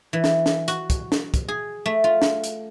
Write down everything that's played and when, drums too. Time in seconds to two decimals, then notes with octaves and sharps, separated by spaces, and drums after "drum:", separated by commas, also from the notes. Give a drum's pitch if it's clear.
0.13 E3
0.24 drum: snare
0.46 drum: snare
0.68 F#4, drum: hi-hat
0.90 drum: kick, hi-hat
1.12 drum: snare
1.34 drum: kick, hi-hat
1.48 G#4
1.86 A3
2.04 F4
2.22 drum: snare
2.44 drum: hi-hat